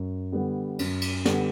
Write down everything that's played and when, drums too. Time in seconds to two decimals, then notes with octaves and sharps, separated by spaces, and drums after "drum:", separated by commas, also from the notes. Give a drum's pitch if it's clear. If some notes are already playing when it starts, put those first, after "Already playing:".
Already playing: F#2
0.32 D3 G3 B3
0.79 F#2, drum: cymbal
1.02 drum: cymbal
1.25 D3 G3 B3, drum: snare